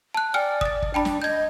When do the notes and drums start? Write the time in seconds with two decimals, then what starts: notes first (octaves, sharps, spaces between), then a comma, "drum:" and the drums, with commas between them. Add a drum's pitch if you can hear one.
0.15 A5 F#6
0.34 D5 G5 G#5 F6
0.61 D#6 A6, drum: kick
0.82 drum: kick
0.94 D4 G5 A5 B5
1.05 drum: snare
1.22 D#5 G6 G#6